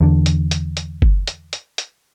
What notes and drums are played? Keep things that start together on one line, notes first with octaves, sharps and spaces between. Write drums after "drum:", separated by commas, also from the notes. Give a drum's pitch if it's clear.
E2 D3
drum: hi-hat
drum: hi-hat
drum: hi-hat
drum: kick F#1
drum: hi-hat
drum: hi-hat
drum: hi-hat